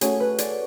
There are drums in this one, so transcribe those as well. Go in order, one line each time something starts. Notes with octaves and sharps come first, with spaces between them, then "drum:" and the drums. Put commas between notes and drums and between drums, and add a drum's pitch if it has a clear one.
A3 C#4 F#4 G#4 C#5, drum: hi-hat
B4
D5, drum: hi-hat